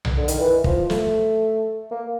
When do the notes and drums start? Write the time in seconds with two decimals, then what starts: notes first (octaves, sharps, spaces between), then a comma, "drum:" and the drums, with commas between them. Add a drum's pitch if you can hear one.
0.05 drum: tom B1
0.17 D3
0.28 D#3, drum: hi-hat
0.39 E3
0.64 F3, drum: kick
0.90 A3, drum: snare
1.91 A#3